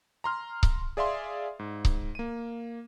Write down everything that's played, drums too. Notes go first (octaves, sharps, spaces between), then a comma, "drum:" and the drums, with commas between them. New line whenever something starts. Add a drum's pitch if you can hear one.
A#5 C6 F6
drum: kick C#1
G#4 D5 E5 F5 C6
G#2
drum: kick C#1
A#3 D#7